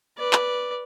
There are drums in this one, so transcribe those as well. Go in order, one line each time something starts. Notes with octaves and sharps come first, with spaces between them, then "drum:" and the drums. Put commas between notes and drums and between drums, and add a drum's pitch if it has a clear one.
B4 D5
drum: clap